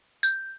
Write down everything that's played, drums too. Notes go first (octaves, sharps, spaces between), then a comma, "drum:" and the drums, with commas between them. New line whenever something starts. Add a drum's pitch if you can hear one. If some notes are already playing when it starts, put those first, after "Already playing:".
G6, drum: tambourine